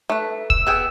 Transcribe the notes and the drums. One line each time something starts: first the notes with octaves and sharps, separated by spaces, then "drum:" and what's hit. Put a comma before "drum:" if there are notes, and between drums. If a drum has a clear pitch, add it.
A3 B4
E6, drum: kick
B3 G#4 G5